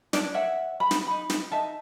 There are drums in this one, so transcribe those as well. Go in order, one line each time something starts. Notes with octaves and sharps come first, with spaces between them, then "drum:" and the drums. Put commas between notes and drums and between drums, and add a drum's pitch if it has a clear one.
C#4 D4 D5, drum: snare
C#5 E5 F#5
B5
drum: snare
D#4 B5
drum: snare
D#4 E5 A5